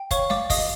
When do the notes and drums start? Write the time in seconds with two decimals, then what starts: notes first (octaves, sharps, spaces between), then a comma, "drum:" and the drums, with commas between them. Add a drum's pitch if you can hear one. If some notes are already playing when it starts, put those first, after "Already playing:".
Already playing: G5
0.11 C#5 F5 C#6, drum: kick, hi-hat
0.30 D5 F5 D6, drum: snare
0.50 D#5 F5 D#6, drum: kick, open hi-hat